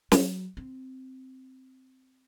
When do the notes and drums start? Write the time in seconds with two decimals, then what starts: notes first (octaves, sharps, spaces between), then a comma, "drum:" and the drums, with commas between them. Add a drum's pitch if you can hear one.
0.12 F#3, drum: snare
0.57 C4